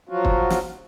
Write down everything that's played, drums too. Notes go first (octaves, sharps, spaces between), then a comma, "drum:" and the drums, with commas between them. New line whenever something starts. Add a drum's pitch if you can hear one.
F3 F#3 F4 F#4
drum: kick
drum: snare